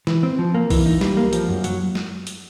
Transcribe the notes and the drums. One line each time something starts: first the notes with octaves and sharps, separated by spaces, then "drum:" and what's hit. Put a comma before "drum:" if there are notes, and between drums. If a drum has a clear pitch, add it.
E3, drum: snare
C4
F3
A#3
E3, drum: kick B1, open hi-hat
D#4
G3, drum: snare
A#3
F3, drum: hi-hat
F#2
F#3, drum: hi-hat
drum: snare
drum: hi-hat